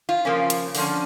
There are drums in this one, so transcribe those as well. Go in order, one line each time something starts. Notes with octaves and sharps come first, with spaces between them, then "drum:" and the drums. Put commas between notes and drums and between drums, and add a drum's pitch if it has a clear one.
F4
C#3 F3 A#3 C#4
drum: hi-hat
D3 F3 C#4, drum: open hi-hat